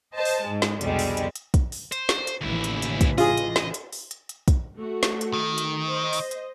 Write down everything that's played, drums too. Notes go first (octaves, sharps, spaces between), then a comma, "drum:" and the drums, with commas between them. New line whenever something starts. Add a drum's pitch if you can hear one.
C5 D#5 A5
drum: open hi-hat
G#2 G#3
drum: snare
C2 F2 B2 D3 G3 G#3, drum: hi-hat
drum: open hi-hat
drum: hi-hat
drum: hi-hat
drum: kick, hi-hat
drum: open hi-hat
C5, drum: hi-hat
drum: snare
drum: hi-hat
A1 D#2 C#3 E3 E4
drum: hi-hat
drum: hi-hat
drum: kick, hi-hat
F4 G#4 D#5, drum: open hi-hat
drum: hi-hat
drum: snare
drum: hi-hat
drum: open hi-hat
drum: hi-hat
drum: hi-hat
drum: kick, hi-hat
A3 F#4
drum: snare
drum: hi-hat
D#3
drum: hi-hat
C5 D#5
drum: open hi-hat
drum: hi-hat